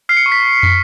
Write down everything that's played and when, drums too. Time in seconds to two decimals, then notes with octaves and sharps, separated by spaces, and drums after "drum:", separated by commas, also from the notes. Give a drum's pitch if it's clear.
0.09 F6 C7
0.17 C#7
0.26 C#6
0.32 B6
0.63 drum: tom